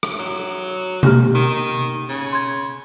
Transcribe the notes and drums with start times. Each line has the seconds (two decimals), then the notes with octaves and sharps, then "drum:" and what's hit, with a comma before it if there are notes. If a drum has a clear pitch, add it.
0.03 drum: rim click
0.19 F#3, drum: hi-hat
1.03 A#3 G4 F6, drum: tom B2
1.35 D#3
2.09 C#3
2.32 C6 G#6